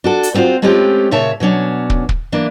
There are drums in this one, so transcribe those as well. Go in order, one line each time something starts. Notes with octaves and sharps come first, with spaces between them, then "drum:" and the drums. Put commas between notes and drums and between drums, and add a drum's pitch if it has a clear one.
D4 F#4 A4
drum: hi-hat
B3 C4 F4 F#4 C5
G#3 A3 C4 C#4 F4 G4
A#2 C#3 C#5 E5 A5
B2 F#3 C#4 D4
drum: kick
drum: kick
E3 A#3 D4